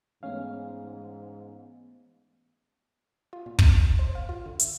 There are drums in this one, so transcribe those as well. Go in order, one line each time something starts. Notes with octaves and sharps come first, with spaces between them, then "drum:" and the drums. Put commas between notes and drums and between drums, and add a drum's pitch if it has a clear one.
G#2 E3 A3 B3 C#4 F5
F4
A#2
B2, drum: kick
D2
C5
F5
F4
D3
E5, drum: hi-hat